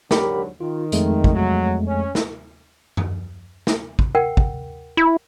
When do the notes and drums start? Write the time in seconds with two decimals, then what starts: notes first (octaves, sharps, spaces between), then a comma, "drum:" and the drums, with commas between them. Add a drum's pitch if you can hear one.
0.11 G#2 D3 F#3 G4 A#4 B5, drum: snare
0.61 D#3 F4
0.92 F2 G#3 A3, drum: hi-hat
1.24 drum: kick
1.35 F#3
1.86 C#4
2.15 drum: snare
2.97 drum: tom F#2
3.67 drum: snare
3.99 drum: kick
4.15 A#4 F#5 G5
4.37 drum: kick
4.97 E4